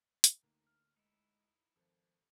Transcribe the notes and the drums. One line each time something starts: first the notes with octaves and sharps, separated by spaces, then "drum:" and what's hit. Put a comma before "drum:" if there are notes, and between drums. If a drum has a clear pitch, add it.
drum: hi-hat
D2 A#3 D#4
D3 F6
G#3 D#4 E4
G#1 F3 A4